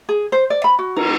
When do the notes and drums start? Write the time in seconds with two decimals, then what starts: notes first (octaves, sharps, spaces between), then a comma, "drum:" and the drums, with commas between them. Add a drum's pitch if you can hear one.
0.09 G#4
0.32 C5
0.50 D5
0.64 B5
0.79 F#4
0.96 A#4, drum: cymbal